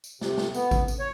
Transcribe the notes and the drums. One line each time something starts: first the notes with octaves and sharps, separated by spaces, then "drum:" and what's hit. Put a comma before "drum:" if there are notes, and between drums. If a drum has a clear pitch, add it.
drum: tambourine
C3, drum: snare
drum: snare
B3, drum: tambourine
drum: kick G#1, tambourine
drum: tambourine
C#5